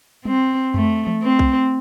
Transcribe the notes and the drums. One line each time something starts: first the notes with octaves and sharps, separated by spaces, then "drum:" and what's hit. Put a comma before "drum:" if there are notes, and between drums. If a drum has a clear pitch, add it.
C4, drum: tom
A3, drum: tom F2
drum: tom E3
C4
drum: kick B1